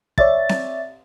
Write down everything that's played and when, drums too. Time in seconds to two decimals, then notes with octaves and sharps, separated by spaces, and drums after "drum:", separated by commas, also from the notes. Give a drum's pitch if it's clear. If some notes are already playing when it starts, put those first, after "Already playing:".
0.18 C#5 D5 E5 A6, drum: kick
0.49 drum: snare C4